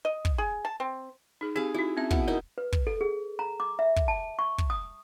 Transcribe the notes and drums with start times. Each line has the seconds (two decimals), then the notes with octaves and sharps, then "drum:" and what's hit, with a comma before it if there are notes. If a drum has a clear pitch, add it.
0.05 D#5
0.25 drum: kick
0.38 G#4
0.65 A5
0.80 C4
1.41 D#4 G#4
1.56 C4 D#4 G4 G#4 F5
1.74 D#4 E4 F#4
1.97 C4 C#4 E5
2.11 B2 B3 E4 E5, drum: kick
2.28 D#4 E4 A#4 D#5
2.58 B4
2.72 drum: kick
2.87 A4
3.01 G#4
3.39 A#5
3.60 D6
3.79 E5
3.96 drum: kick
4.08 A5
4.39 C#6
4.58 drum: kick
4.70 D#6